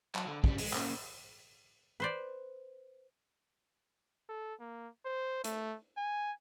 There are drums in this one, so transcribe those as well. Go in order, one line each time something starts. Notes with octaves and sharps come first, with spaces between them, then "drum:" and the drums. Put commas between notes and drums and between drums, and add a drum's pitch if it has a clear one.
F#3, drum: clap
D3
C#3 G3, drum: kick
G#3, drum: open hi-hat
C#3 A#3, drum: clap
B4 C5 D5
A4
A#3
C5
A3, drum: hi-hat
G#5